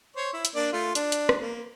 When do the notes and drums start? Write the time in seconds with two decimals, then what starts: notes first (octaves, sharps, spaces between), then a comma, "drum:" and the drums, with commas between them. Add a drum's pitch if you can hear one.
0.16 C5 C#5
0.33 E4
0.45 drum: hi-hat
0.55 A#3 D4 D5
0.73 A3 F4
0.95 D4, drum: hi-hat
1.12 drum: hi-hat
1.29 drum: rim click
1.40 A#3